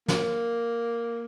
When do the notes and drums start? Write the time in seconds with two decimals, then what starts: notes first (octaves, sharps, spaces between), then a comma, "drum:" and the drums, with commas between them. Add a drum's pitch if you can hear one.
0.08 A#3, drum: snare